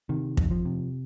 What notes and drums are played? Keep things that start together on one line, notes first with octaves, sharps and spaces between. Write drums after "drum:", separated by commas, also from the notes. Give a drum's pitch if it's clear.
C3 D#3
F2, drum: kick
F3
C3